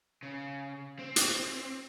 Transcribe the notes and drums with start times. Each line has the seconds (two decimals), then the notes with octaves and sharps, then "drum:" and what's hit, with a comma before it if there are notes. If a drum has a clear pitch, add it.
0.23 C#3
0.99 C4
1.16 drum: hi-hat